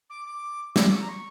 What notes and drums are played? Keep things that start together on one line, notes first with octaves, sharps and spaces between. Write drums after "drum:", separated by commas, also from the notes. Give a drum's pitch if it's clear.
D6
D6
E6, drum: snare
D6
C#6
A#5
C#6